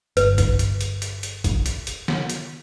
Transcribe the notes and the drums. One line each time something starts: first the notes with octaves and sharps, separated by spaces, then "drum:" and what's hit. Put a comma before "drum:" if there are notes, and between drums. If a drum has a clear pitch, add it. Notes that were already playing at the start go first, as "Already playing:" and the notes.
G1 B4, drum: hi-hat
drum: kick, hi-hat
drum: hi-hat
drum: hi-hat
drum: hi-hat
drum: hi-hat
drum: kick, hi-hat
drum: hi-hat
drum: hi-hat
drum: snare
drum: hi-hat